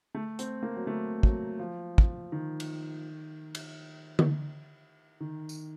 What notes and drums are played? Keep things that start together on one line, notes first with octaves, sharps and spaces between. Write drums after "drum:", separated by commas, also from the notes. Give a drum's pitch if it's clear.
A3
C4, drum: hi-hat
A#3
F#3
A3
F#3, drum: kick
F3
drum: kick
D#3
drum: cymbal
drum: cymbal
drum: tom D3
D#3
drum: tambourine